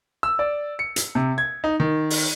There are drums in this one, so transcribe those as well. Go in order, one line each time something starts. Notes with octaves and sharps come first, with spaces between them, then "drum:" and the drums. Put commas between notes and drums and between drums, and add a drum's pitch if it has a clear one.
E6
D5
C#7
drum: hi-hat
C3
G#6
D#4
D#3
drum: open hi-hat